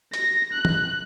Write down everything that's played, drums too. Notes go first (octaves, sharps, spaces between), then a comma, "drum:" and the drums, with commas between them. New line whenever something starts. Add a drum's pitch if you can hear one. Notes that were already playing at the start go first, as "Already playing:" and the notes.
A#6, drum: hi-hat
F#6
drum: tom